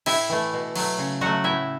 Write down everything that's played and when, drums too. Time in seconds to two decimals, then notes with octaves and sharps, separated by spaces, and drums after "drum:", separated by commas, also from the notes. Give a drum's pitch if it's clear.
0.06 A2 E4 E5, drum: cymbal
0.29 E3 A3
0.53 B2
0.76 F#3 A3, drum: cymbal
0.98 C#3
1.21 F#3 A3 F#4 F#5
1.44 A2 E4 E5